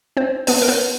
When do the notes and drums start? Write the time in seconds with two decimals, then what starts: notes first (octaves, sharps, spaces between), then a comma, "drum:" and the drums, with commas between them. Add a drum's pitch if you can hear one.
0.17 C4 C5
0.47 B3 B4, drum: open hi-hat
0.62 A#4
0.68 B3 B4